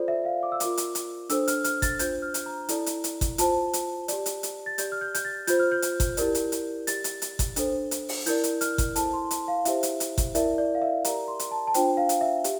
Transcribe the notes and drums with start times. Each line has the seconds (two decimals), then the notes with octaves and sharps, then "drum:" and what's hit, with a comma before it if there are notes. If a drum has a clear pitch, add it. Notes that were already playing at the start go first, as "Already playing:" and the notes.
Already playing: F4 A4 C5 D5
0.08 E5
0.25 F5
0.43 D6
0.52 E6
0.60 F4 A#4 D5 D6, drum: hi-hat
0.77 drum: hi-hat
0.95 drum: hi-hat
1.29 D4 A4 C5 E6, drum: hi-hat
1.47 F6, drum: hi-hat
1.64 F6, drum: hi-hat
1.82 A6, drum: kick G1, hi-hat
1.99 D4 F4 C5 G6, drum: hi-hat
2.22 F6
2.34 drum: hi-hat
2.46 A#5
2.69 E4 A4 D5, drum: hi-hat
2.86 drum: hi-hat
3.04 drum: hi-hat
3.21 drum: kick G1, hi-hat
3.38 F4 C5 A5, drum: hi-hat
3.73 drum: hi-hat
4.08 G4 D5, drum: hi-hat
4.26 drum: hi-hat
4.43 drum: hi-hat
4.66 A6
4.78 G4 D5 G6, drum: hi-hat
4.92 F6
5.01 G6
5.15 G6, drum: hi-hat
5.25 A6
5.47 F4 C5 G6, drum: hi-hat
5.59 F6
5.72 G6
5.82 drum: hi-hat
6.00 drum: kick G1, hi-hat
6.17 E4 G4 A#4 D5, drum: hi-hat
6.35 drum: hi-hat
6.52 drum: hi-hat
6.87 G4 D5 A6, drum: hi-hat
7.04 drum: hi-hat
7.22 drum: hi-hat
7.39 drum: kick G1, hi-hat
7.56 D4 A4 C5, drum: hi-hat
7.91 drum: hi-hat
8.09 drum: open hi-hat
8.26 E4 A#4 D5 G6, drum: hi-hat
8.43 drum: hi-hat
8.61 F6, drum: hi-hat
8.78 drum: kick G1, hi-hat
8.96 E4 A4 C5 A5, drum: hi-hat
9.13 C6
9.31 A5, drum: hi-hat
9.48 F5
9.65 E4 G4 C5 E5, drum: hi-hat
9.83 drum: hi-hat
10.00 drum: hi-hat
10.18 drum: kick G1, hi-hat
10.35 E4 A#4 D5 E5, drum: hi-hat
10.58 D5
10.75 F5
10.82 E5
11.04 G4 A#4 D5 A#5, drum: hi-hat
11.28 C6
11.39 drum: hi-hat
11.51 A5
11.67 A5
11.74 D4 F4 C5 G5, drum: hi-hat
11.97 F5
12.09 drum: hi-hat
12.21 E5
12.44 G4, drum: hi-hat